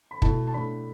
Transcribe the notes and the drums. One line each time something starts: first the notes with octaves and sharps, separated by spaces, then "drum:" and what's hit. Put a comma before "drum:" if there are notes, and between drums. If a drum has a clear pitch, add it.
B5
B2 A3 E4 A5, drum: kick
A5
A2 A3 D4 B5